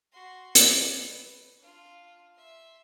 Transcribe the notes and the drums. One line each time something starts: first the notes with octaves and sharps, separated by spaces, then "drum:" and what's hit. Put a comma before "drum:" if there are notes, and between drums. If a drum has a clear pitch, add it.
F#4 C6
drum: hi-hat
B4
D4 F4
E5 C6